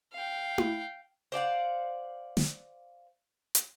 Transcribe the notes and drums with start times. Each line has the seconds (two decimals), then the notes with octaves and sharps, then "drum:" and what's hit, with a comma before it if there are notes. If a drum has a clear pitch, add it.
0.13 F5 G5
0.58 drum: tom E4
1.32 C5 D5 F5 F#5
2.37 drum: snare
3.55 drum: hi-hat